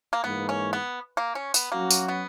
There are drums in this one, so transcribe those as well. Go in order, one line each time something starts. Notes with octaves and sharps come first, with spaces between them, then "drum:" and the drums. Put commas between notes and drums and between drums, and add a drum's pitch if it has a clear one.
A#3
G#2 E3 A#3 B3
C#4
B3
A#3
C#4
B3, drum: tambourine
F#3 A#3 C#4 F#4
drum: tambourine
B3